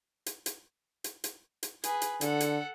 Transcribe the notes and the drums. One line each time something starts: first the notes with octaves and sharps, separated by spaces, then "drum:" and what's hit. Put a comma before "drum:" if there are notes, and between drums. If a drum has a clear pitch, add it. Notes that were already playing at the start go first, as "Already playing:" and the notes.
drum: hi-hat
drum: hi-hat
drum: hi-hat
drum: hi-hat
drum: hi-hat
G#4 B4, drum: hi-hat
drum: hi-hat
D3 A4 F#5, drum: hi-hat
drum: hi-hat